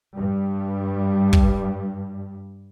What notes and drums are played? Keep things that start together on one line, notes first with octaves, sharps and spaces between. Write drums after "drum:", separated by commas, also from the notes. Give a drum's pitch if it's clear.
G2 G3
drum: kick